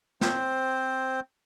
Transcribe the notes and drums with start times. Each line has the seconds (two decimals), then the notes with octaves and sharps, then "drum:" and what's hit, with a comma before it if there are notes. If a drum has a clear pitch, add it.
0.21 C4 C5, drum: snare